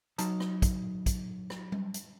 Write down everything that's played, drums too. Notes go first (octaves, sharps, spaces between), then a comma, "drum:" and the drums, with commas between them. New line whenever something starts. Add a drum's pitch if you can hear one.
F#3 D#4 A5 A#5, drum: hi-hat
drum: rim click
drum: kick, hi-hat
drum: kick, hi-hat
drum: rim click
drum: tom G3
drum: hi-hat